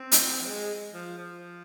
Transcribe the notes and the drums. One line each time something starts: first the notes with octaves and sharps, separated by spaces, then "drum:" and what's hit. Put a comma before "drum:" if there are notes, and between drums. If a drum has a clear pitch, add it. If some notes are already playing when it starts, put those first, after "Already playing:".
Already playing: C4
drum: hi-hat
F3
G#3
F3
F3